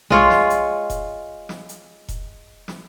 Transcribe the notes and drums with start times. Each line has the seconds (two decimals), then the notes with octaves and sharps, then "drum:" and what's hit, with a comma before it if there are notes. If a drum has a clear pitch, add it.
0.10 G#3 F4 C#5, drum: tom
0.30 drum: snare
0.50 drum: hi-hat
0.90 drum: kick E1, hi-hat
1.49 drum: snare
1.69 drum: hi-hat
2.08 drum: kick E1, hi-hat
2.68 drum: snare